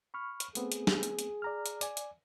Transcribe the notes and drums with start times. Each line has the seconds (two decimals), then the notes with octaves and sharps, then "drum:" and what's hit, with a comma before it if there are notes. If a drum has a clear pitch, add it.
0.14 B5 C#6 F6
0.40 drum: hi-hat
0.55 A3 B3 C4 G#4, drum: hi-hat
0.72 drum: hi-hat
0.87 drum: snare
1.03 drum: hi-hat
1.19 drum: hi-hat
1.42 D5 A#5 F6
1.66 drum: hi-hat
1.81 D5 G#5, drum: hi-hat
1.97 drum: hi-hat